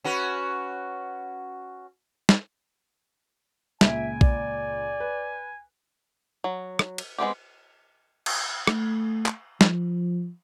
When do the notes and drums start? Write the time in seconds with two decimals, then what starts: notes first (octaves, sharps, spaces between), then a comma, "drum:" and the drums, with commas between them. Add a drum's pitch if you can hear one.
0.04 C#4 F#4 B4
2.29 drum: snare
3.81 C#2 A#2 E5 G#5 D7, drum: snare
4.21 D5, drum: kick A#1
5.00 B4
6.44 F#3
6.79 drum: rim click
6.98 drum: cymbal
7.18 G#3 B3 C4 G4
8.26 drum: cymbal
8.67 A3, drum: rim click
9.26 drum: clap
9.61 F3, drum: snare